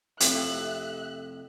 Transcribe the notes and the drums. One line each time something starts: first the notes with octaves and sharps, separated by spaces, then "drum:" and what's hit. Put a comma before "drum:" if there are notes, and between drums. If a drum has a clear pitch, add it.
F2 A2 C3 E5 F#6, drum: hi-hat